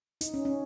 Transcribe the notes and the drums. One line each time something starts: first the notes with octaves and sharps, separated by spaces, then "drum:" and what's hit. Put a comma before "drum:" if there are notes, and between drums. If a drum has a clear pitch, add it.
D#4, drum: hi-hat
C#4
C#4